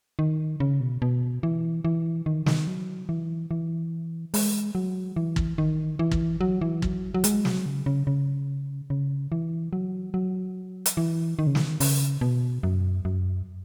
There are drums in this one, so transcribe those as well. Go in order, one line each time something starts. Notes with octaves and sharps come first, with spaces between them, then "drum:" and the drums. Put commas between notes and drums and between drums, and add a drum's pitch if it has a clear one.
D#3
C#3
B2
B2
E3
E3
D#3
D#3, drum: snare
F#3
E3
E3
G#3, drum: open hi-hat
F#3
E3
drum: kick
D#3
E3
drum: kick
F#3
E3
F#3, drum: kick
F#3
G#3, drum: hi-hat
F#3, drum: snare
C#3
C#3
C#3
C#3
E3
F#3
F#3
drum: hi-hat
E3
D#3
C#3
D#3, drum: snare
C#3, drum: open hi-hat
B2
F#2
F#2